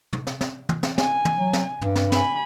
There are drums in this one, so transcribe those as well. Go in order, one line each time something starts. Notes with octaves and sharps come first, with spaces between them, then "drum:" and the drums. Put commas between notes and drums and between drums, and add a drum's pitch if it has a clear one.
drum: tom
drum: snare
drum: snare
drum: tom
drum: snare
G#5, drum: snare
drum: tom
F#3
drum: snare
G2, drum: tom
drum: snare
G#5 B5, drum: snare